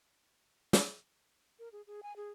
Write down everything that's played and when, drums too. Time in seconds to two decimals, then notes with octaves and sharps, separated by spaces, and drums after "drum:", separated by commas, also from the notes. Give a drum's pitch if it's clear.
0.73 drum: snare
1.59 A#4
1.72 G#4
1.87 G#4
2.03 G#5
2.16 G#4